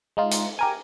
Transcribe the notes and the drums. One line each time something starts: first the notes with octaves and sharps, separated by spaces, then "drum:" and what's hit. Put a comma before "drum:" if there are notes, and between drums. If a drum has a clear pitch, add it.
G#3 D#4 F4
drum: hi-hat
G4 A#4 G#5